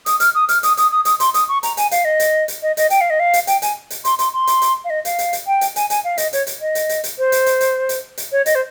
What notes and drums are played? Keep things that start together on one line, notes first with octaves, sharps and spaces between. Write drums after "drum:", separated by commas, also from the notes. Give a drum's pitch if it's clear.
D#6, drum: hi-hat
F6, drum: hi-hat
D#6
F6, drum: hi-hat
D#6, drum: hi-hat
D#6, drum: hi-hat
D#6
D#6, drum: hi-hat
C6, drum: hi-hat
D#6, drum: hi-hat
C#6
A#5, drum: hi-hat
G#5, drum: hi-hat
F5, drum: hi-hat
D#5
drum: hi-hat
drum: hi-hat
D#5
D#5, drum: hi-hat
G5, drum: hi-hat
F5
D#5
F5
drum: hi-hat
G5, drum: hi-hat
G#5, drum: hi-hat
drum: hi-hat
C6, drum: hi-hat
C6, drum: hi-hat
C6
drum: hi-hat
drum: hi-hat
F5
D#5
F5, drum: hi-hat
drum: hi-hat
drum: hi-hat
G5
drum: hi-hat
G#5, drum: hi-hat
G#5, drum: hi-hat
F5
D#5, drum: hi-hat
C#5, drum: hi-hat
drum: hi-hat
D#5
drum: hi-hat
drum: hi-hat
drum: hi-hat
C5
drum: hi-hat
drum: hi-hat
drum: hi-hat
drum: hi-hat
drum: hi-hat
C#5
D#5, drum: hi-hat
C5